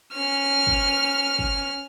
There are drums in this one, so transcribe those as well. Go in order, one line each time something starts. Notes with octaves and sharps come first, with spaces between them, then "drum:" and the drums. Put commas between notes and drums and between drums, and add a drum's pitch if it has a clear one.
C#4 F6
drum: kick
drum: kick